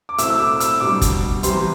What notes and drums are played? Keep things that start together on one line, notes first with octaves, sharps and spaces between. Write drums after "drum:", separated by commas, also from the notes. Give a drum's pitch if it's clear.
D6
B2 A3 C4 E4 E6, drum: hi-hat
E6
D6
E6, drum: hi-hat
B2 G3 D4 D6
drum: kick, hi-hat
C3 E3 G3 C4 C6, drum: hi-hat